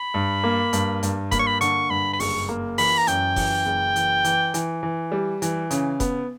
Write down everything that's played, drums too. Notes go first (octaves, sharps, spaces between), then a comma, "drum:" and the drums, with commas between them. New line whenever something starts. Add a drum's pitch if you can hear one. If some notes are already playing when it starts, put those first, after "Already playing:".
Already playing: B5
G2
A#3
G2, drum: hi-hat
G2, drum: hi-hat
A#3 B5, drum: kick F1, hi-hat
C#6
B5
D3 C#6, drum: hi-hat
G2 B5
B5
F#1 C#6, drum: open hi-hat
A#3
E3 B5, drum: open hi-hat
A#5
F#2 G5, drum: hi-hat
E3, drum: kick F1, open hi-hat
F#1
E3, drum: hi-hat
E3, drum: hi-hat
E3, drum: hi-hat
E3
G3
E3, drum: hi-hat
C#3, drum: hi-hat
B3, drum: kick F1, hi-hat